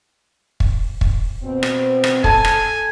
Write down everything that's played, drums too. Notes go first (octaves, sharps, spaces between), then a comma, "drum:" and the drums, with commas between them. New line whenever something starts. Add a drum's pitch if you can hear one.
drum: kick
drum: kick
B2 C4
drum: rim click
drum: rim click
A4 G#5 A5, drum: kick
drum: rim click